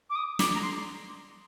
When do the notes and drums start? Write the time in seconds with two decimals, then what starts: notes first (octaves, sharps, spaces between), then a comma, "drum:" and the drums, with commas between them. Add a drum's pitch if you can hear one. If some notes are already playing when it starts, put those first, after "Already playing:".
0.10 D6
0.16 D#6
0.39 D6, drum: snare
0.54 A#5
0.62 C6